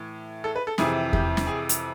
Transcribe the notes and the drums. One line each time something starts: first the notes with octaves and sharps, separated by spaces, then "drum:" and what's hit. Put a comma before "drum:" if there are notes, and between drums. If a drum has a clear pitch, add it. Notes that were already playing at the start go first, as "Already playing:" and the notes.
Already playing: A2 E3
A4
B4
A4
F2 C3 E3 G#4, drum: snare
G4, drum: kick E2
drum: snare
G#4
drum: hi-hat